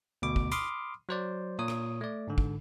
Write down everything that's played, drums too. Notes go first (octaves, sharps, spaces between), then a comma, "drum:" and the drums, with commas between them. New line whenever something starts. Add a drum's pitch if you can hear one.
D2 B2 D6
drum: kick
B5 C6 D6 D#6 F6, drum: hi-hat
F#3 C5 D5
A#2 C#5 D#6
drum: rim click
A3 D5
G#2 D3
drum: kick